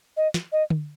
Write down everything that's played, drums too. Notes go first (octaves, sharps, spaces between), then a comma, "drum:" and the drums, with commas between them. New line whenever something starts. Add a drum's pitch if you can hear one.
D#5
drum: snare
D#5
drum: tom D3